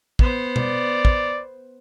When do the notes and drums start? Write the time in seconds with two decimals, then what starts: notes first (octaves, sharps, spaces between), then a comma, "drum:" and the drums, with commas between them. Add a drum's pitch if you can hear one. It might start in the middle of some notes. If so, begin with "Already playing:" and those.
0.19 B3 C5, drum: kick
0.56 D5, drum: tom B2
1.05 drum: kick